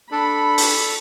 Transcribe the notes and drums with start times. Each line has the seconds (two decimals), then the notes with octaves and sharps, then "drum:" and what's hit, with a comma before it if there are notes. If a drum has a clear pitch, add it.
0.12 D4 A4 B5
0.58 drum: open hi-hat